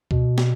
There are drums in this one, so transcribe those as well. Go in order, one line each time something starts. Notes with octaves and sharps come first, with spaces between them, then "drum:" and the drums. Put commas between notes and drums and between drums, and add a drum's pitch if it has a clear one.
B2, drum: kick C#2
drum: snare